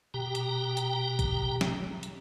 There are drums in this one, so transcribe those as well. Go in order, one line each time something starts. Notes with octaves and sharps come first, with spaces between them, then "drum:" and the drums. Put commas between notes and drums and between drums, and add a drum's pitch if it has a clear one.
B2 G4 G5 A#5
drum: hi-hat
drum: hi-hat
drum: kick A1, hi-hat
drum: snare
drum: hi-hat